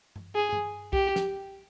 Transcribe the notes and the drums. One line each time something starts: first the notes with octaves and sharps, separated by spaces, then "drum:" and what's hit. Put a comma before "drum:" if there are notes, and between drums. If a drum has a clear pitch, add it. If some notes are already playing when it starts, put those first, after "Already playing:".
drum: tom G2
G#4
drum: tom G2
G4, drum: kick B1
drum: snare